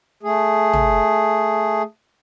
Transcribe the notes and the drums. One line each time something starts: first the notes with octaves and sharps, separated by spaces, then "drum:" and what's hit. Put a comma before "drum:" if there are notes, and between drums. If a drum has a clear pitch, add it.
A3 G#4
drum: tom